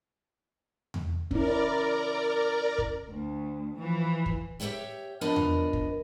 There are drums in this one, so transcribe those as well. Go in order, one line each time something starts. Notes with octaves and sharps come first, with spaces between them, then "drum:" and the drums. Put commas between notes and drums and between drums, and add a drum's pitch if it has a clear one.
drum: tom E2
C#4 E4 A#4 D5 A#5, drum: kick
drum: kick
D2
E3 F3
drum: kick
G4 A#4 C#5 E5 G5
F3 B3 D4 A#4 D5 D#5
drum: tom E2
drum: kick